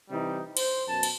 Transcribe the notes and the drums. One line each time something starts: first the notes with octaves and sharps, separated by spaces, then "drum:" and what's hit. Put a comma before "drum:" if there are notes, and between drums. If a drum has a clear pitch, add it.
C3 E3 G3 D#4
C5, drum: cymbal
F#2 B2 A5
drum: cymbal